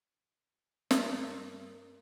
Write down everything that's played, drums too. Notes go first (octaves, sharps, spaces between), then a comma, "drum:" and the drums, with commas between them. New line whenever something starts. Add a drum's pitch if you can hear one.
G2 A#4, drum: snare